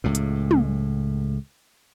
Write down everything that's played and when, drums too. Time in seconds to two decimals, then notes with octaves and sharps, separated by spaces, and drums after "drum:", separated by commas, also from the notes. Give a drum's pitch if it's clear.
0.04 C#2 A2
0.15 drum: hi-hat
0.51 drum: tom